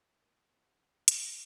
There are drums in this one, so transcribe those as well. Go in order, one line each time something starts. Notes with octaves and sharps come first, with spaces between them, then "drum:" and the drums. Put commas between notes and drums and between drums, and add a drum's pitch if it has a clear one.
A#3 B3
E4
C#3
F#2 A#3, drum: hi-hat